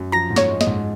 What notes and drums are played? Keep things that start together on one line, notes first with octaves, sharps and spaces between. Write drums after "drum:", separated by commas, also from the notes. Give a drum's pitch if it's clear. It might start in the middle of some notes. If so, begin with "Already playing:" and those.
Already playing: F#2
F3 A#5 A#6
G#2
C#5 C#6, drum: snare
G#3
D#5, drum: snare
G#2